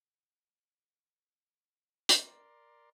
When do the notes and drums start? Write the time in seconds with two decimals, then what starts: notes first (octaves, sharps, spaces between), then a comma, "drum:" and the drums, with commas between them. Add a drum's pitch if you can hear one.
2.09 A#4 D5 C6, drum: hi-hat